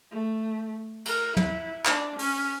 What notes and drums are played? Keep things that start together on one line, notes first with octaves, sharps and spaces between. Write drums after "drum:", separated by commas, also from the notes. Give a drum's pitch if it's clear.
A3
A#4, drum: cymbal
E4, drum: tom
D4, drum: clap
C#4, drum: open hi-hat